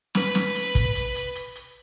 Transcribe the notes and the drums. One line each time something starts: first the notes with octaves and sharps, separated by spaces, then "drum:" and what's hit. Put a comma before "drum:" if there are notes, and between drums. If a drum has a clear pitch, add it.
B4, drum: snare
drum: snare
drum: hi-hat
drum: kick, hi-hat
drum: hi-hat
drum: hi-hat
drum: hi-hat
drum: hi-hat